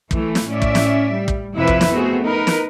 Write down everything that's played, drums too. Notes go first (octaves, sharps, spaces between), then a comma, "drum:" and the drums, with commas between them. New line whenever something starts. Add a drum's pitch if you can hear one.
E3 A3, drum: kick
drum: snare
A2 C#4 D5 E5
drum: kick
drum: snare
G3
drum: kick
F2 C3 F3 E4 B4 E5
drum: kick
drum: snare
A3 B3 C4 F#4 G#4
D#4 A#4 B4
drum: snare